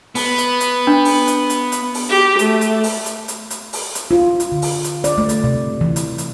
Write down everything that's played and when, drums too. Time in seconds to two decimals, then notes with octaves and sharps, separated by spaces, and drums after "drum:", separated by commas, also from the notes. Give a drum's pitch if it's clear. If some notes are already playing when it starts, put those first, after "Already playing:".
0.15 B3, drum: open hi-hat
0.38 drum: hi-hat
0.60 drum: hi-hat
0.87 D4
1.05 drum: open hi-hat
1.27 drum: hi-hat
1.50 drum: hi-hat
1.72 drum: hi-hat
1.94 drum: open hi-hat
2.09 G4
2.39 A3, drum: hi-hat
2.61 drum: hi-hat
2.84 drum: open hi-hat
3.06 drum: hi-hat
3.28 drum: hi-hat
3.50 drum: hi-hat
3.73 drum: open hi-hat
3.95 drum: hi-hat
4.11 F4
4.40 drum: hi-hat
4.52 D3
4.62 drum: open hi-hat
4.84 drum: hi-hat
5.04 D5, drum: hi-hat
5.18 A3
5.29 drum: hi-hat
5.44 C3
5.81 E3
5.96 drum: hi-hat
6.18 drum: hi-hat